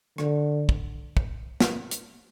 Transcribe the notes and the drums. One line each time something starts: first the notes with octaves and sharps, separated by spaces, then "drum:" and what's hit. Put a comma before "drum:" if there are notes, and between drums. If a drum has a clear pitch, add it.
D3, drum: rim click
drum: kick
drum: kick
drum: snare
drum: hi-hat